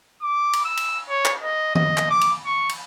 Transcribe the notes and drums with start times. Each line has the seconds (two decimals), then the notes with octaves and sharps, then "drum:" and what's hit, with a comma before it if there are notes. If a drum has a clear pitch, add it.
0.22 D6
0.53 drum: cymbal
0.65 E6
0.77 drum: cymbal
1.09 C#5
1.25 drum: clap
1.42 D#5
1.75 D#5, drum: tom D#3
1.97 drum: clap
2.10 D6
2.21 drum: cymbal
2.45 C#6
2.69 drum: cymbal